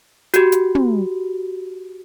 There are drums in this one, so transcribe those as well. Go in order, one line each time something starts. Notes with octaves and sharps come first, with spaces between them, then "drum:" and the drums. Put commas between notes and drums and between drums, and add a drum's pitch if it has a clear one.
F#4 G4, drum: hi-hat
drum: hi-hat
drum: tom